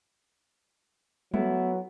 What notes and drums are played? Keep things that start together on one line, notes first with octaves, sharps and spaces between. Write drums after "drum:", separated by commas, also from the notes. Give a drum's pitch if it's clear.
F#3 A3 B3 E4, drum: tom G3